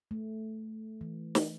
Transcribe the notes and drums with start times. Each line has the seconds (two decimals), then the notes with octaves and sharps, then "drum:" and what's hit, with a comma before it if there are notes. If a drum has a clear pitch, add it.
0.11 A3
1.01 E3
1.35 drum: snare